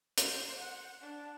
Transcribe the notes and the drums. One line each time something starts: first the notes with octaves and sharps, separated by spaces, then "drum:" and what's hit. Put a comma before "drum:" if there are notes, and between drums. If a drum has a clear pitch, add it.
C5, drum: hi-hat
F#5
D4